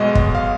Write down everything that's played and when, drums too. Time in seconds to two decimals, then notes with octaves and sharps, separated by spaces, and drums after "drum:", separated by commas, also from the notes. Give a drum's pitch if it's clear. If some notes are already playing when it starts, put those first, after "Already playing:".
Already playing: B1 B2 G#3 D#5
0.15 drum: kick
0.35 F5